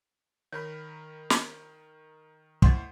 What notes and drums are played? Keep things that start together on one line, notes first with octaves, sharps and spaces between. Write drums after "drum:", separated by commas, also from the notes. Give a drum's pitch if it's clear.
D#3 A#4 C#5 B5
drum: snare
A2 C5 D#5 F#5 C6, drum: kick